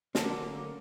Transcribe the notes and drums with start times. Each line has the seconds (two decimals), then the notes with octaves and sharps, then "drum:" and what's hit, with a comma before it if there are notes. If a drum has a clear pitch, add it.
0.15 D3 F#3 A3 A#3 C#4 F#5 A5, drum: snare